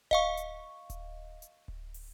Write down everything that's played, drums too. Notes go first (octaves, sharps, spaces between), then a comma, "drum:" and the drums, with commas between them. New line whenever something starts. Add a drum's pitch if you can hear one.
D#5 F5 C#6, drum: kick D1
drum: hi-hat
drum: kick D1, hi-hat
drum: hi-hat
drum: kick D1
drum: open hi-hat